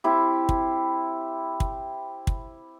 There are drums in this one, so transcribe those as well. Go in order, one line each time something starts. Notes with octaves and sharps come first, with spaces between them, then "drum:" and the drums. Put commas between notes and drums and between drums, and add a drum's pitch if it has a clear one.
C4 E4 G4
drum: kick
drum: kick
drum: kick